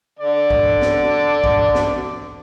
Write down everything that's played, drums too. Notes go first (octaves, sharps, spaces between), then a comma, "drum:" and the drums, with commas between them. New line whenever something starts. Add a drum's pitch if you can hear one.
D3 D5
drum: kick
drum: snare
drum: kick
drum: snare